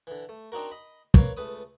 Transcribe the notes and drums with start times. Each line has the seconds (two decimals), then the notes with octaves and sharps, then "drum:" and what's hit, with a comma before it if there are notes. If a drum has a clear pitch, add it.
0.07 D3 E3
0.29 A3
0.52 C4 D4 D#4 F#4 A#4
0.71 D#5 B5
1.14 A#3 A#4 B4 C#5 F5, drum: kick
1.37 C#2 A3 B4 D#6